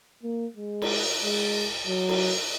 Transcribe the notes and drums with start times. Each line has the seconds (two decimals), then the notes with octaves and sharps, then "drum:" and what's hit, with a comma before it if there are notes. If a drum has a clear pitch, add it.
0.23 A#3
0.56 G#3
0.82 drum: cymbal
1.22 G#3
1.87 F#3
2.09 drum: cymbal